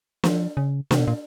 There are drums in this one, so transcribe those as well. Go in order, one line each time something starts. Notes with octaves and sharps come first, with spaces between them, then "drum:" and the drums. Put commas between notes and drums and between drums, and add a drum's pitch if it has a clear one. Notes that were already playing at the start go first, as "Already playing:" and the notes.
F3, drum: snare
C#3
C3, drum: snare
B2
A#2